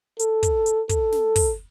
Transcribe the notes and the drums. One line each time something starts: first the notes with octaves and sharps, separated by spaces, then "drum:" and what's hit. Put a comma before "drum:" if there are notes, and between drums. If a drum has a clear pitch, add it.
A4, drum: hi-hat
drum: kick, hi-hat
drum: hi-hat
A4, drum: kick, hi-hat
drum: snare
drum: kick, open hi-hat